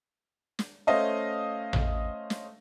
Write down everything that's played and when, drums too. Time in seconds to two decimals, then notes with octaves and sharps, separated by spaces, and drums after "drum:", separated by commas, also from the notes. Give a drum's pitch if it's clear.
0.59 drum: snare
0.87 A3 C#4 C5 D#5 F5
1.73 drum: tom A1
2.30 drum: snare